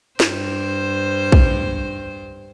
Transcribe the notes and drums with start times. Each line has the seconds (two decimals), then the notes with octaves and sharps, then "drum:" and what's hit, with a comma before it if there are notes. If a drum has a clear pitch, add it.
0.20 G2 C5, drum: snare
1.32 drum: kick